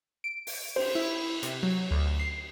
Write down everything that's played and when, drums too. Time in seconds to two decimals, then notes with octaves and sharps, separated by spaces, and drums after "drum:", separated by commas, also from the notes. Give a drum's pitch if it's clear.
0.24 D7
0.47 drum: open hi-hat
0.76 C5, drum: cymbal
0.95 E4
1.43 C3, drum: hi-hat
1.63 F#3
1.91 D2
2.19 C7